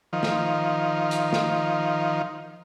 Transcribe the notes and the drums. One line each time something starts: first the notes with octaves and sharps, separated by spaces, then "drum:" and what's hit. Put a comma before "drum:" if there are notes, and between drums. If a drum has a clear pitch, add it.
D#3 F3
drum: snare
drum: hi-hat
drum: snare